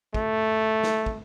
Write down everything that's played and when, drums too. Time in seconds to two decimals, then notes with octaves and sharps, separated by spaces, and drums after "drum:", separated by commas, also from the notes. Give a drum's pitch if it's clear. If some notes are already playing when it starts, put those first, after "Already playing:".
0.14 A3, drum: kick
0.83 drum: snare
1.06 drum: kick